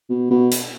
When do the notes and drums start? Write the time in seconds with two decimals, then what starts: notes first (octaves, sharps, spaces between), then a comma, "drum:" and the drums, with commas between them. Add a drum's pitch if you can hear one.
0.09 B2
0.31 B2
0.51 drum: hi-hat